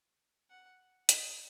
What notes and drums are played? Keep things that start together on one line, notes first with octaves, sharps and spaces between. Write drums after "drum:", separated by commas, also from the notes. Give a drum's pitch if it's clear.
F#5
D#5, drum: hi-hat